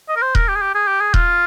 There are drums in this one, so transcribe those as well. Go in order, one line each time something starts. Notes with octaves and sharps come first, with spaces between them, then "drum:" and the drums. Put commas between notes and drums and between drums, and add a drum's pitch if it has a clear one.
D#5
A#4
C5
A#4, drum: kick D#1
G4
G#4
G4
G#4
G4
G#4
F4, drum: kick D#1